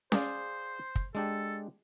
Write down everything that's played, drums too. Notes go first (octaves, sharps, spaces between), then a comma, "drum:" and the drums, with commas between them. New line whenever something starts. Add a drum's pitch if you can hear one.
G#4 C5 D5 F5, drum: snare C#4
drum: kick
G#3 D4 G4 A4